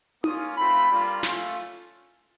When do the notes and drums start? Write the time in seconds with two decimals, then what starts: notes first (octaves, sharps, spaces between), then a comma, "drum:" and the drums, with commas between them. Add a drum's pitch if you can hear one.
0.24 A#3 C#4 F4 D#6, drum: tom D#4
0.57 A3 C4 F4 B5
0.90 G3 A#3 D4 F4
1.23 A3 C#4 F4, drum: snare